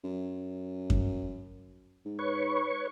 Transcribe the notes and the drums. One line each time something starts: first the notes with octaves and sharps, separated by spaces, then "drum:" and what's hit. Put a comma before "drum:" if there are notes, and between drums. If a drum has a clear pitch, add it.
F#2
drum: kick F#2
G#2
B4 C#5 C#6